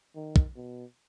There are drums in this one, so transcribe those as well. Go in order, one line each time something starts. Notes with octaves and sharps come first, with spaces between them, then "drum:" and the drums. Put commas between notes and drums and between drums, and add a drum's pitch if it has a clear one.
D#3
drum: kick
B2